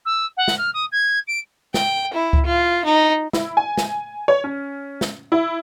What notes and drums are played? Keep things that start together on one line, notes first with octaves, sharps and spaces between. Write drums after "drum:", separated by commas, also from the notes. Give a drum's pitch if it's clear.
E6
F#5
drum: snare
F6
D#6
G#6
D7
G5, drum: snare
E4
drum: kick C#2
F4
D#4
E4, drum: snare
G#5
drum: snare
C#5
C#4
drum: snare
E4